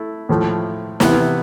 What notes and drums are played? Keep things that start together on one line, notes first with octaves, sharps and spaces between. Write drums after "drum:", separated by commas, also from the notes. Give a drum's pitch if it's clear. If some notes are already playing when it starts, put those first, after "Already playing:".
Already playing: A3 E4 A4
A2 F3 A3
C3 E3 B3 E4, drum: snare